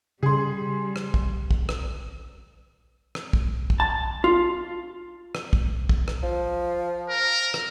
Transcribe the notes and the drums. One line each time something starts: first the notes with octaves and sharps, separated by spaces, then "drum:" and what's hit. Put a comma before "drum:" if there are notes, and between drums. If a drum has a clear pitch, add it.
C#3 G3 G#4 C6
drum: rim click
drum: kick
drum: kick
drum: rim click
drum: rim click
drum: kick
drum: kick
A5
F4
drum: rim click
drum: kick
drum: kick
drum: rim click
F3
A#4
drum: rim click